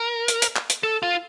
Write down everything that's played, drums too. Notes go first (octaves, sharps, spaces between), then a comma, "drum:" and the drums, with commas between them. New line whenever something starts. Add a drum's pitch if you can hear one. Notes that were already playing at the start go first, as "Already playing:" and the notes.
Already playing: A#4
drum: hi-hat
drum: hi-hat
drum: clap
drum: hi-hat
A4
F4